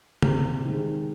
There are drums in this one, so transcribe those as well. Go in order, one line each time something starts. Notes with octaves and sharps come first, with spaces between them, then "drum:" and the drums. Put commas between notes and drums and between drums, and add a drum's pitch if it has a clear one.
C3, drum: tom
D#3 G#3